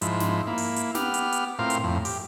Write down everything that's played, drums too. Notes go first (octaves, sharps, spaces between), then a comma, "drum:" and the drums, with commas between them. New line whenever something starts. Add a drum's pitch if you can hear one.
G#2 F3 E4, drum: hi-hat
drum: snare
A#3 E4
drum: open hi-hat
drum: hi-hat
B3 G4 F6, drum: snare
drum: hi-hat
drum: hi-hat
A2 C4 F4 A#4 F5
drum: hi-hat
F2 A2
G4, drum: open hi-hat